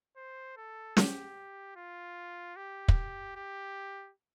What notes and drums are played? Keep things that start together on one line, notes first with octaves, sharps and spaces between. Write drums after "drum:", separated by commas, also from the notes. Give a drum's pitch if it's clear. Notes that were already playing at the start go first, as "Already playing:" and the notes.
C5
A4
G4, drum: snare
F4
G4
drum: kick
G4